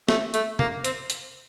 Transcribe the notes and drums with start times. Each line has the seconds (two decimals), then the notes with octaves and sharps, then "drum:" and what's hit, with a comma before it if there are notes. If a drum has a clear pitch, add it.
0.08 A3, drum: snare
0.34 A3, drum: hi-hat
0.59 A#3, drum: tom C3
0.85 C4, drum: hi-hat
1.10 drum: hi-hat